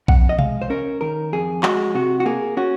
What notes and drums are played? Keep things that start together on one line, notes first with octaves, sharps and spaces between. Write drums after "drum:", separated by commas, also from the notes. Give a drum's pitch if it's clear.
F2 F#5, drum: kick B1
D#5
G#3 F5, drum: tom B2
C5
C#4 A#4
D#3 A#4
F2 G#4
G#3 F#4, drum: clap
C3 F#4
F#4
A#3 G#4
C#4 F#4